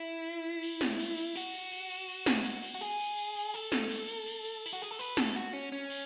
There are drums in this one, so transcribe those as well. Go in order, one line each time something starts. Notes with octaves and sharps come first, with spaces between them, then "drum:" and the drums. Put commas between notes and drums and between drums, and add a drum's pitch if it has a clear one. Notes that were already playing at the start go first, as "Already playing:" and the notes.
Already playing: E4
drum: cymbal
drum: snare
drum: cymbal
drum: cymbal
F#4, drum: cymbal
drum: cymbal
drum: cymbal
drum: cymbal
drum: cymbal
drum: snare
drum: cymbal
drum: cymbal
F#4
G#4, drum: cymbal
drum: cymbal
drum: cymbal
drum: cymbal
A4, drum: cymbal
drum: snare
drum: cymbal
drum: cymbal
drum: cymbal
drum: cymbal
E4, drum: cymbal
F#4
G#4
A4
B4, drum: cymbal
A4, drum: snare
F#4
C#4
C#4
drum: cymbal